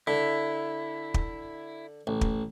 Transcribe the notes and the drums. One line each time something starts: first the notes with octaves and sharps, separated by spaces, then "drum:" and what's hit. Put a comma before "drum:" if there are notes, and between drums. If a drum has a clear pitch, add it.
D3 E4
drum: kick
A1
drum: kick